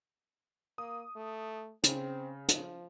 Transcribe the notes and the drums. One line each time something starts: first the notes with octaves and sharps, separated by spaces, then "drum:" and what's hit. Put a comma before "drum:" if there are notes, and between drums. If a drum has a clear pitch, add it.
A#3 D#6
A3
C#3 C4, drum: hi-hat
F3, drum: hi-hat